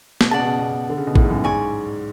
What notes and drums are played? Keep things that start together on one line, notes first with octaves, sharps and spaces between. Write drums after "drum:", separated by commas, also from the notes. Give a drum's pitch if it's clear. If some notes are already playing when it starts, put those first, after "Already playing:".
B2, drum: snare
C#3 D5 F#5 A5
B2
C#3
B2
D3
C#3
B2
A2, drum: kick A1
G#2
F#2
G#2 D5 G#5 C#6